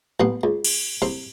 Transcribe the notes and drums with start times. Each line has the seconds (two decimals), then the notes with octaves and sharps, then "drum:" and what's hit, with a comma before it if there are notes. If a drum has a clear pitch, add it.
0.20 A1 G3 B3 C6
0.43 C#2
0.64 drum: cymbal
1.02 C2 C4 C6